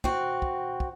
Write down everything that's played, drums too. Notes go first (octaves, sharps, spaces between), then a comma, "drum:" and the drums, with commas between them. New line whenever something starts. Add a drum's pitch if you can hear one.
C4 F#4, drum: kick
drum: kick
drum: kick